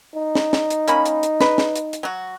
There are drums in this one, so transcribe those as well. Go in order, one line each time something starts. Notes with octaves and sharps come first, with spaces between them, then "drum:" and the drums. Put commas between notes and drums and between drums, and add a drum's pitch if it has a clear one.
D#4
drum: snare
drum: snare
drum: hi-hat
A#3 C#4 B5, drum: hi-hat
drum: hi-hat
drum: hi-hat
B4, drum: snare
drum: snare
drum: hi-hat
drum: hi-hat
F#3 F#4